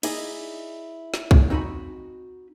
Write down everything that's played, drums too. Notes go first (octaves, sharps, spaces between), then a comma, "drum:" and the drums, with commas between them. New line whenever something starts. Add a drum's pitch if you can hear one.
D#4 E4 G#4 D5 D#5, drum: cymbal
drum: snare
drum: kick
C4 D#4 F#4 G#5 B5